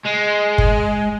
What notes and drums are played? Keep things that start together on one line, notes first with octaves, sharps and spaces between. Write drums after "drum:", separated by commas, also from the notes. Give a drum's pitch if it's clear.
G#3
drum: kick